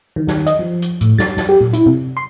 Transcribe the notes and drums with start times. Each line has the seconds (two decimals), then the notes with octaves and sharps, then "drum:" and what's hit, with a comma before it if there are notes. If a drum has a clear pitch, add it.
0.16 D#3
0.27 drum: snare
0.47 D#5, drum: hi-hat
0.59 F3
0.82 drum: hi-hat
1.01 A2, drum: hi-hat
1.18 A6, drum: snare
1.37 drum: snare
1.49 G4
1.60 A#2
1.73 E4, drum: hi-hat
1.86 C3
2.17 C6